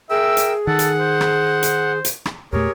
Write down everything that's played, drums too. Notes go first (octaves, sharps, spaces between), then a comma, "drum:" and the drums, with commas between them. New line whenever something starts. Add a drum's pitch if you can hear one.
G#4 A#4 E5 G5 E6
drum: hi-hat
D#3 A4 F#5
drum: hi-hat
C5
drum: rim click
drum: hi-hat
drum: hi-hat
drum: rim click
E2 A#2 A3 G4 G#4 A#4 C#5